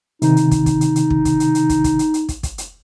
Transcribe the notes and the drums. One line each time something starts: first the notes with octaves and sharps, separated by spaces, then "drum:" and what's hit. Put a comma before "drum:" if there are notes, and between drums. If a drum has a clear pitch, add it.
C3 D#3 D#4, drum: hi-hat
drum: hi-hat
drum: kick, hi-hat
drum: kick, hi-hat
drum: hi-hat
drum: hi-hat
drum: kick
drum: kick, hi-hat
drum: hi-hat
drum: hi-hat
drum: kick, hi-hat
drum: kick, hi-hat
drum: hi-hat
drum: hi-hat
drum: kick, hi-hat
drum: kick, hi-hat
drum: hi-hat